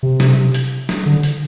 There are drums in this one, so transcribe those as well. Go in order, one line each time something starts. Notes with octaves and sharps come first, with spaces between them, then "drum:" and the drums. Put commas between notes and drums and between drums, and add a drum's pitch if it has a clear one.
C3
drum: snare
drum: hi-hat
drum: snare
D3
drum: hi-hat